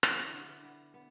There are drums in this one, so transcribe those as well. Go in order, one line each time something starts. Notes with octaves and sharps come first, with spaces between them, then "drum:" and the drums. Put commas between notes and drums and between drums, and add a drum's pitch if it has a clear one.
E4, drum: rim click
D3
B3
B3